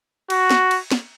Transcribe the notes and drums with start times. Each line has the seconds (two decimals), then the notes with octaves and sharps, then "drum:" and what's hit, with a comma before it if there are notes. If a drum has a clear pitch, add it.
0.30 F#4, drum: cymbal
0.50 drum: snare
0.71 drum: cymbal
0.92 drum: snare